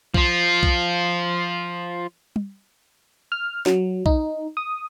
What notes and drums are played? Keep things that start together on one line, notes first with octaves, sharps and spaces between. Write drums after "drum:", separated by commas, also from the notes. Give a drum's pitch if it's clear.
F3 F4, drum: kick B1
drum: kick B1
drum: tom
F6
F#3, drum: snare
D#4, drum: kick B1
D#6